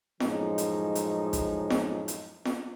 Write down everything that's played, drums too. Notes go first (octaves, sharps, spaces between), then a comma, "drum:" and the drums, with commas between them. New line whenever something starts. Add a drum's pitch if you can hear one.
F#2 A2 F3 G#3 D#4, drum: snare F4
drum: hi-hat
drum: hi-hat
drum: kick, hi-hat
drum: snare F4
drum: hi-hat
drum: snare F4